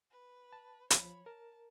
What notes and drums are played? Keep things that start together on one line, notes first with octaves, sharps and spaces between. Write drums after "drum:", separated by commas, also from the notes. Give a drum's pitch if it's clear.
B4
A5
F3 C#5 B5, drum: hi-hat
A#4 A5